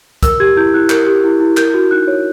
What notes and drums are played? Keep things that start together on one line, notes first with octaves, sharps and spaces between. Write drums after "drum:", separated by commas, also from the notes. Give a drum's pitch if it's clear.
A#4 E6, drum: kick C2, hi-hat
G4 G#6
E4 G6
E4 F#6
A#4 G6, drum: clap
G4
E4
E4
A#4 G6, drum: clap
F#4
D#4 F#6
C#5